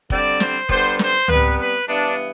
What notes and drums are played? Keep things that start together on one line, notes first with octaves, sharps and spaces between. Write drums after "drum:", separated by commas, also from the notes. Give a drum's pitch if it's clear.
D3 G3 C4 D5, drum: kick
C5, drum: snare
D3 G3 B3 C5, drum: kick
C5, drum: snare
C3 G3 B3 B4, drum: tom C#2
B4
G2 E3 B3 D4